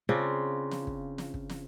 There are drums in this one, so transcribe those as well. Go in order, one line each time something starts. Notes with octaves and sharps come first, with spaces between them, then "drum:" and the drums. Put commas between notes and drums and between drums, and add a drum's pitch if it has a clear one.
C#3 C4 D4 F4
drum: snare
drum: kick
drum: snare
drum: kick
drum: snare